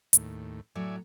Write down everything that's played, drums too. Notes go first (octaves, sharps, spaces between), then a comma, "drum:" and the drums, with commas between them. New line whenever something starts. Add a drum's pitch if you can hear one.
D#2 A2, drum: hi-hat
A2 F#3 D5 E5 G#5